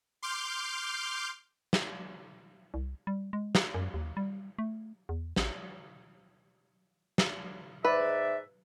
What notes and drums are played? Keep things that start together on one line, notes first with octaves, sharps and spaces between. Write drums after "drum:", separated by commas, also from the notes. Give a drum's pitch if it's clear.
C6 D6 F6 G6
drum: snare
C2
G3
G#3
drum: snare
F#2
D#2
G3
A3
E2
A1, drum: snare
drum: snare
G#2 B4 D5 E5